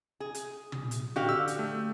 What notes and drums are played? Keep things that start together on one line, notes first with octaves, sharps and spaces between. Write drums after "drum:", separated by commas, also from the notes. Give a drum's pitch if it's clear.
G#4
drum: hi-hat
drum: tom
drum: hi-hat
D3 F#4 G4 F5
E6
drum: hi-hat
A3